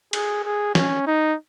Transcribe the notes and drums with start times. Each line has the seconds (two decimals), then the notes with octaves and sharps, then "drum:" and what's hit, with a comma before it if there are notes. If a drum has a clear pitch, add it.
0.13 G#4, drum: cymbal
0.45 G#4
0.75 C#4, drum: snare
1.07 D#4